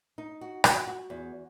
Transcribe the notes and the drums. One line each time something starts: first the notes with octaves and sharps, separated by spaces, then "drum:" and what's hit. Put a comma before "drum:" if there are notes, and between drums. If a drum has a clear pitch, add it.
D#4
F#4
F#4, drum: rim click
F#4
E2